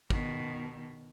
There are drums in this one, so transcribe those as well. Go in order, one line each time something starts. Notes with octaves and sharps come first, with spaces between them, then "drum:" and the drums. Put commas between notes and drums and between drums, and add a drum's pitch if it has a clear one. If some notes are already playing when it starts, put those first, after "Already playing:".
B2 D#3, drum: kick